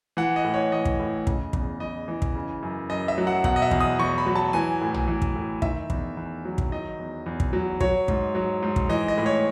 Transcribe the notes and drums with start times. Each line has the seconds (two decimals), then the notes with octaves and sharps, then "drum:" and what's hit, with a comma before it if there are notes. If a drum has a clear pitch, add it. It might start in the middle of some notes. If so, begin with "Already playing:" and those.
0.17 E3 F#5
0.36 D#5
0.44 A2
0.54 C#5
0.72 E3 D#5
0.85 drum: kick
0.99 A2
1.27 C#3, drum: kick
1.53 E2, drum: kick
1.80 E2 D#5
2.08 E3
2.22 drum: kick
2.35 C#3
2.62 F#2
2.89 F#2 D#5
3.08 E5
3.18 F#3
3.27 F#5
3.44 B2 F#5, drum: kick
3.56 D#5
3.62 E5
3.71 E2, drum: kick
3.80 D#6
3.99 E2 C#6
4.18 B5
4.26 F#3
4.36 A5
4.53 E3 G#5
4.81 A2
4.94 drum: tom
5.08 E3
5.22 drum: kick
5.36 A2
5.62 D#3 E5, drum: kick
5.90 E2, drum: kick
6.17 E2
6.45 F#3
6.58 drum: kick
6.72 D#3 D#5
6.98 E2
7.26 E2
7.40 drum: kick
7.53 F#3
7.81 F#3 C#5, drum: kick
8.08 G#2, drum: kick
8.35 F#3
8.62 G#2
8.76 drum: kick
8.89 E3 D#5
9.08 D#5
9.18 A2
9.26 C#5